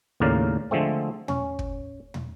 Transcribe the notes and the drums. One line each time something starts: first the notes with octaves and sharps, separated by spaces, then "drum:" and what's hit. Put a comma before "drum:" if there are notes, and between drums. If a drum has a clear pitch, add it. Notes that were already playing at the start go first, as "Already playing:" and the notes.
D#2 A2 C#3 A#4 D5 F5
D3 F3 G#3 A3 C4
C#4, drum: tom
drum: kick
drum: tom